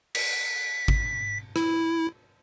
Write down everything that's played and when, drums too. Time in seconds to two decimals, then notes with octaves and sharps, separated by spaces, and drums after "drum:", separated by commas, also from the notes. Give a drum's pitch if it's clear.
0.15 B6, drum: cymbal
0.88 drum: kick G#1
1.56 E4, drum: rim click